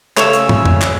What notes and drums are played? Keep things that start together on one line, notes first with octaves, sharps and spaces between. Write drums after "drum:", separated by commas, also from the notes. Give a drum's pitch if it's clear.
C#3 A3 C#5 E6, drum: clap
drum: hi-hat
drum: tom
drum: tom F2
drum: clap